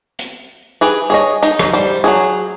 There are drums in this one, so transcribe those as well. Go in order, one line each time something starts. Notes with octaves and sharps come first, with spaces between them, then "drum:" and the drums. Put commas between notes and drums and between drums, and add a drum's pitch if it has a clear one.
drum: hi-hat
G4 G#4 B4
G#4 C#5 D#5
D#4, drum: hi-hat
drum: rim click
G3 C5
F#3 A3 G#4